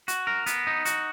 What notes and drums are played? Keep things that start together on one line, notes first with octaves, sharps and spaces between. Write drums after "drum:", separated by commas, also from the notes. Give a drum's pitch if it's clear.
F#4, drum: hi-hat
A#4
B3, drum: hi-hat
D#4
F#4, drum: hi-hat